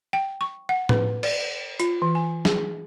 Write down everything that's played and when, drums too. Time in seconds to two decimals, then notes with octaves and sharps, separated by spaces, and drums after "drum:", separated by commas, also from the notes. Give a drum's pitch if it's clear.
0.13 G5
0.41 C#6
0.69 F#5
0.89 B4, drum: tom A2
1.23 D5, drum: cymbal
1.80 F4, drum: hi-hat
2.02 E3
2.15 G#5
2.45 G#4, drum: snare